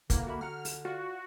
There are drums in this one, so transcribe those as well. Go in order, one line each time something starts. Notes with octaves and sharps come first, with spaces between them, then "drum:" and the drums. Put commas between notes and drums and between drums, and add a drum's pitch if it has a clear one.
D3 A#3 E4 B4, drum: kick, hi-hat
F#4 E5 B5
F#4 F#5 A#5 F6
drum: open hi-hat
F4 F#4 D5 F#5